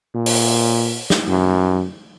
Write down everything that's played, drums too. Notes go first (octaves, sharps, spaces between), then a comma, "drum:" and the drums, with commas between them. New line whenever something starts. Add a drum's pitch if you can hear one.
A#2
drum: open hi-hat
drum: snare
F#2